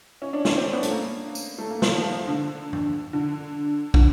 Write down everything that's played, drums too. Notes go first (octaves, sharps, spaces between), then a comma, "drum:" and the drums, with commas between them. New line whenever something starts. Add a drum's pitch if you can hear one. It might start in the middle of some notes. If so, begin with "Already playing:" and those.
C#4
D4
C#4, drum: snare
C4
B3
A3, drum: hi-hat
A#3
drum: tambourine
A3
A#3
F3, drum: snare
D#3
D3
drum: tom
D3
D3, drum: kick